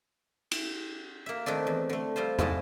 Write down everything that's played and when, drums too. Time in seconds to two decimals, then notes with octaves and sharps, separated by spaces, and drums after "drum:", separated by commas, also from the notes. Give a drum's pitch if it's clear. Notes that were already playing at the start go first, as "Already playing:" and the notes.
0.51 drum: cymbal
1.26 A#3 E5
1.46 D#3 A3 C4 D4
1.67 E2
1.89 D3 A3
2.16 G3 C4 F4 C5
2.39 G#2 F3 G#3 E4 D#5 A5, drum: tom